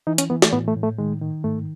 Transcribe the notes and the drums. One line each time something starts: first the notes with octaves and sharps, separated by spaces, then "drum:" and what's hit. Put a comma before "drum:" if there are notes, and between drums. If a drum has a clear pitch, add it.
E3 D#4
C#4, drum: hi-hat
E3 B3
A3, drum: snare
A2 B3
A3
A2
A3
D#3 G#3
D#3
G#2 A3